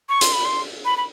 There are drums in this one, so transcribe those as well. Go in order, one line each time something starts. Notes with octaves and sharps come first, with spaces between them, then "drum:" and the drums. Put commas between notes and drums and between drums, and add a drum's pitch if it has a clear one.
C#6
C6, drum: hi-hat
B5
C6
B5
B5